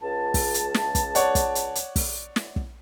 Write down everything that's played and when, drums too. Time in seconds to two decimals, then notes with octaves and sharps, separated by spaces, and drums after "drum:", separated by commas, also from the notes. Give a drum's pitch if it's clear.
0.03 C#2 A5
0.34 drum: kick, open hi-hat
0.54 drum: hi-hat
0.75 drum: snare
0.95 drum: kick, hi-hat
1.15 C#5 D5 F#5, drum: hi-hat
1.35 drum: kick, hi-hat
1.55 drum: hi-hat
1.75 drum: hi-hat
1.96 drum: kick, open hi-hat
2.36 drum: snare
2.56 drum: kick